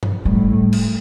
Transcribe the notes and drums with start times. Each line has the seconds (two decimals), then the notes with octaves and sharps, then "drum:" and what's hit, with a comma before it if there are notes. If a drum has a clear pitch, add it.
0.03 drum: tom G2
0.25 A2 G3
0.73 drum: cymbal